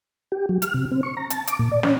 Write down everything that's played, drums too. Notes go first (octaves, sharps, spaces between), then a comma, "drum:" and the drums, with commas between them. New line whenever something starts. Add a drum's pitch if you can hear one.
G4
F#3
F6, drum: hi-hat
C3
C4
C#6
A#5
A5, drum: hi-hat
D6, drum: hi-hat
A#2
D5
C#4, drum: snare